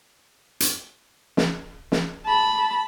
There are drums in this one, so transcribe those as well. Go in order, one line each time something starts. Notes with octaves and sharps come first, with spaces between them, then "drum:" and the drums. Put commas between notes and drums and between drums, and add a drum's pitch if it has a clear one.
drum: hi-hat
drum: snare
drum: snare
A5 B5